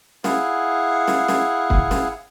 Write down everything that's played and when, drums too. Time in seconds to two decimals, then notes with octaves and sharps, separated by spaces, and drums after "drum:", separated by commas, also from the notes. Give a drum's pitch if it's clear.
0.24 E4 G#4 F5 F#5, drum: snare
1.08 drum: snare
1.28 drum: snare
1.70 drum: kick
1.91 drum: snare